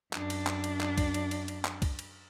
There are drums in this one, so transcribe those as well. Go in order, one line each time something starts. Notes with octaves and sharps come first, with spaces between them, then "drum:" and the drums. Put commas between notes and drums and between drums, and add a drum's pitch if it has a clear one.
F#2 D4, drum: clap
drum: cymbal
drum: clap
drum: cymbal
drum: clap
drum: kick C2, cymbal
drum: cymbal
drum: cymbal
drum: cymbal
drum: clap
drum: kick C2, cymbal
drum: cymbal